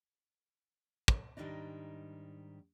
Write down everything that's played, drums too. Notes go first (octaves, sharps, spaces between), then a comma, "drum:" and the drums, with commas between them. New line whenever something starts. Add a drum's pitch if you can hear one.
drum: kick
G#2 D#3 E3 G3 D4 D#4